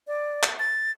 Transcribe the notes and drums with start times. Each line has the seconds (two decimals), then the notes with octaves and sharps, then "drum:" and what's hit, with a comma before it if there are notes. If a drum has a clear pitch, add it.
0.07 D5
0.43 drum: clap
0.59 A6